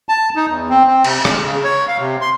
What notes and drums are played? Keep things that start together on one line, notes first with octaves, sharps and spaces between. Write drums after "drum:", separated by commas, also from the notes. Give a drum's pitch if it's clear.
A5
D#4
E2
C4
C4
C3, drum: cymbal
G#3, drum: rim click
C#3
C#5
F5
C3
C6